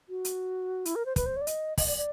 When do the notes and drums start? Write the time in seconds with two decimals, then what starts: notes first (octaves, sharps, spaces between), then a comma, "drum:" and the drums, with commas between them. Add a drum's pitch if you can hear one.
0.09 F#4
0.25 drum: hi-hat
0.85 E4, drum: hi-hat
0.96 A#4
1.06 C5
1.16 B4, drum: kick, hi-hat
1.26 C5
1.36 C#5
1.41 D5
1.47 D#5, drum: hi-hat
1.78 D#5, drum: kick, open hi-hat
1.87 D5
1.97 D5